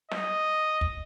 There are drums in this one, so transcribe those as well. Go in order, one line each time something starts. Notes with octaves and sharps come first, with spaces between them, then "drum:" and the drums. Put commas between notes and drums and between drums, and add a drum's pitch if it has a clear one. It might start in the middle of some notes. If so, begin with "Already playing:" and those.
D#5, drum: snare
drum: kick